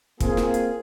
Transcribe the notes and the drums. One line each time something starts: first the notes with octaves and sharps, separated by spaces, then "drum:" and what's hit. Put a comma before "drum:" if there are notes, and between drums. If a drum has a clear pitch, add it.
A#3 C4 F4 G#4, drum: kick, hi-hat
drum: snare
drum: hi-hat